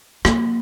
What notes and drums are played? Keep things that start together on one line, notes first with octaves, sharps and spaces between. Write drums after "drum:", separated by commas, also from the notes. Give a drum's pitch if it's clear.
A#3, drum: rim click